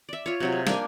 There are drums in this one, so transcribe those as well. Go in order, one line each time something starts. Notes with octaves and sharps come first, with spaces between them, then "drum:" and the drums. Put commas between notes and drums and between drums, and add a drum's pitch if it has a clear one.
D5 E5
F4 C#5
C3 F#3 F4
G#4
A#3 D4 G5 G#5, drum: snare